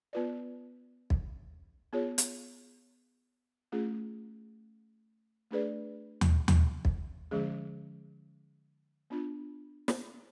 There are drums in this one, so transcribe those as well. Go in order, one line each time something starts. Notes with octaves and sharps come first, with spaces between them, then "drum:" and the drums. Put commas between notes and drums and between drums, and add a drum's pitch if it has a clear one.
B3 F4 B4 D5
drum: kick
B3 F4 G#4 C#5
drum: hi-hat
A3 C#4 F4 G#4
A3 D4 G#4 B4 D5
drum: tom D#2
drum: tom D#2
drum: kick
D3 F3 G#3 C#4 G#4
B3 D4 F4
drum: snare